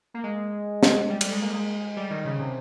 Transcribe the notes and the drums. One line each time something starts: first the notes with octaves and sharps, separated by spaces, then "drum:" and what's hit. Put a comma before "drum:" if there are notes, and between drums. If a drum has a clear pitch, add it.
A#3
G#3
drum: snare
G3
G3, drum: cymbal
G#3
A#3
G#3
G3
D#3
C#3
C3